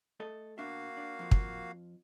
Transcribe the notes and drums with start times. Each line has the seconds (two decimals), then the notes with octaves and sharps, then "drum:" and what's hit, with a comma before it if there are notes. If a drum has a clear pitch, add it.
0.20 A3 A4 D#5
0.58 B2 A#3 D4 F#4 E5 F5
0.97 D4
1.19 F2 F3
1.31 drum: kick